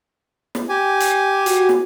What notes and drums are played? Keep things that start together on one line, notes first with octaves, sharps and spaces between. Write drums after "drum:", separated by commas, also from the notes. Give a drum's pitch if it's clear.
drum: snare
G4 G#5
drum: hi-hat
F#4, drum: hi-hat
drum: snare